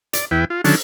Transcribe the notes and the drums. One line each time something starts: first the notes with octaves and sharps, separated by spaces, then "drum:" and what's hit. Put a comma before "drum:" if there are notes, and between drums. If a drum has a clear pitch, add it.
D5, drum: hi-hat
E2 E4 B4 G5
F4
D3 D#3 F#3 C#4 D4 A4, drum: open hi-hat